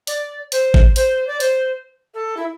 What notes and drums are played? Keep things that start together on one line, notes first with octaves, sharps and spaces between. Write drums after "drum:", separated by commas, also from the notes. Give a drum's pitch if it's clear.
D5, drum: hi-hat
C5, drum: hi-hat
drum: kick
C5, drum: hi-hat
D5
C5, drum: hi-hat
A4
E4